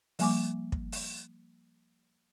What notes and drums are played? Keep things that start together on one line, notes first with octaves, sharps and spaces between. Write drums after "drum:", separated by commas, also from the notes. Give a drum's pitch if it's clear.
F3 G3 A#3 G#5 C#6 D6, drum: open hi-hat
drum: kick
drum: open hi-hat